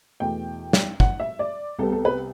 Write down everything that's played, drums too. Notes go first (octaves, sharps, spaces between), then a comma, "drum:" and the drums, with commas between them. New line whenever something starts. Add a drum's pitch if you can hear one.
E2 B2 A3 G5
drum: snare
F#5, drum: kick
E5
D5
C2 C3 G3 B3 A4
A4
B4